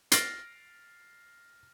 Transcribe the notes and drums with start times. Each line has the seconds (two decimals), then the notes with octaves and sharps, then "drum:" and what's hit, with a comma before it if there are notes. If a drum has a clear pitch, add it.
0.12 F6 A6 A#6 C7 D7, drum: hi-hat